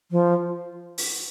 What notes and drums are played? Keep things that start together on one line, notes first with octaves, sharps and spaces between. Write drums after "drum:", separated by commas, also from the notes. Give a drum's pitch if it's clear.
F3
drum: open hi-hat